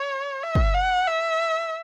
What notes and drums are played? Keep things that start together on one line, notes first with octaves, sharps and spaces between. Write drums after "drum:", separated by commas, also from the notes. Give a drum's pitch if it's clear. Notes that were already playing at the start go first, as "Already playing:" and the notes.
Already playing: C#5
E5
drum: kick
F#5
E5